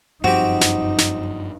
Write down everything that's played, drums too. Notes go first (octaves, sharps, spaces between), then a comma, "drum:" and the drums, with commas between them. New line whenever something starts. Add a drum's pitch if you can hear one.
F#1 G2 F3 C4 D#4 F#4 G4
drum: snare
drum: snare